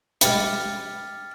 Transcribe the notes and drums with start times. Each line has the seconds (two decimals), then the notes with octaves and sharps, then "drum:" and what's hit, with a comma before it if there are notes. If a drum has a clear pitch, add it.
0.21 G#3 G4 B4 F6 A6 C#7, drum: hi-hat